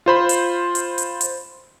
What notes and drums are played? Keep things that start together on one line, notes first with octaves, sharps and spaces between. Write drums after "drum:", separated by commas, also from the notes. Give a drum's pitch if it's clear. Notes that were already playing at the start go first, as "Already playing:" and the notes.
F4 C5 B5
drum: hi-hat
drum: hi-hat
drum: hi-hat
drum: hi-hat